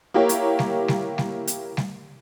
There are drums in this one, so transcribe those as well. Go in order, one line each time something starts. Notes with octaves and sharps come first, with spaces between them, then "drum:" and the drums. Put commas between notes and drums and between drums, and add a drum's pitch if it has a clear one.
A#3 E4 G4 C#5
drum: hi-hat
drum: snare G3
drum: snare G3
drum: snare G3
drum: hi-hat
drum: snare G3